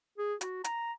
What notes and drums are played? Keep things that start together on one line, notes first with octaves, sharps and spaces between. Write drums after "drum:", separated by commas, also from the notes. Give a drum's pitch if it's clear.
G#4
F#4, drum: hi-hat
A#5, drum: hi-hat